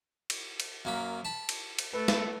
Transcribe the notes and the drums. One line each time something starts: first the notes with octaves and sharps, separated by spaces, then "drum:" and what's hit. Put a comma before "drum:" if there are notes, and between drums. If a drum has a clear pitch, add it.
drum: cymbal
drum: cymbal
F#2 A#3 B5
A5 B5
drum: cymbal
drum: cymbal
A3 A4 B4
drum: snare